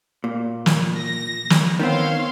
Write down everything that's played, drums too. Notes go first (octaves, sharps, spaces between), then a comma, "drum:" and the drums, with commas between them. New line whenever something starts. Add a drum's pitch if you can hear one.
A#2
drum: snare
A#6
drum: snare
D#3 B3 C4 C#5 F5 C6